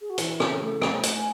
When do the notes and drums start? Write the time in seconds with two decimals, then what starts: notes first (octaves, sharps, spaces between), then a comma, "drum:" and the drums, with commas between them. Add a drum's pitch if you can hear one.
0.01 G#4
0.10 F#4
0.18 E3 E4, drum: hi-hat
0.40 C#3, drum: rim click
0.50 A4
0.58 G#4
0.61 A3 A4
0.82 A3, drum: rim click
1.03 A3, drum: hi-hat
1.14 G#5